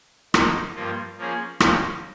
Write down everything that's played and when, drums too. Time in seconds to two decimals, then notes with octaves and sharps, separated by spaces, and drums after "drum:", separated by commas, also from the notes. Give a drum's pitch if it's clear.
0.34 F2 D#3 A#3 D#4, drum: rim click
0.76 G2 F3 A#3 F4
1.18 F3 A#3 C#4 G#4
1.60 F2 D#3 G3 A#3 C#4, drum: rim click